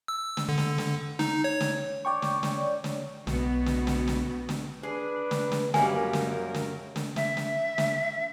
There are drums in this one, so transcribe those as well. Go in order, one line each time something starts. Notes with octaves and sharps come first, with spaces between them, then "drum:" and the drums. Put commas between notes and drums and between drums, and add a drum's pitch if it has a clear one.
E6
drum: snare
D3
drum: snare
drum: snare
D#4, drum: snare
C#5
drum: snare
C#5 D5 G5 C#6
drum: snare
drum: snare
drum: snare
B1 B2 B3 F#4, drum: snare
drum: snare
drum: snare
drum: snare
drum: snare
D4 G#4 B4
drum: snare
drum: snare
F#2 G3 G#3 A#3 A#4 G#5, drum: snare
drum: snare
drum: snare
drum: snare
E5, drum: snare
drum: snare
drum: snare